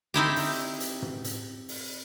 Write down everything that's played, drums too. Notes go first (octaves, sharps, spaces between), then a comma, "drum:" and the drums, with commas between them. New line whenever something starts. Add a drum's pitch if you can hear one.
C4 D#4 E4 G4
drum: open hi-hat
drum: hi-hat
drum: tom
drum: hi-hat
drum: open hi-hat